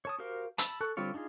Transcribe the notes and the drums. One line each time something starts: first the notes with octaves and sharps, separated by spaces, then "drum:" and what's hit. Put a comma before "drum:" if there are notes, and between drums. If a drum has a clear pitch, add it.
C#5 A5 D#6
F#4 G4 A#4 C5 F5
A5 B5 E6, drum: hi-hat
A4 A5 C#6 F#6
D3 G3 C4 F4 C#5
D4 D#4 F4 G#4